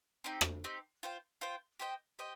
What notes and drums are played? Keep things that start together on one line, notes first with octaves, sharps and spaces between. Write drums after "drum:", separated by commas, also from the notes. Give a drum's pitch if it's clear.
C4 D#4 G4
drum: rim click
C4 D#4 G4
F4 C5 G5
F4 C5 G5
G4 C5 D#5 G5
G4 C5 D#5 G5